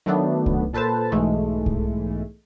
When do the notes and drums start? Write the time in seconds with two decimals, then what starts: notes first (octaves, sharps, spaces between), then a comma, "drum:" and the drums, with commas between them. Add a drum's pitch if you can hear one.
0.06 D#3 F#3 A3 B3 D4
0.46 drum: kick C2
0.73 A#2 A4 B4 C5 A5
1.12 B1 G#2 E3 G#3 A3
1.66 drum: kick C2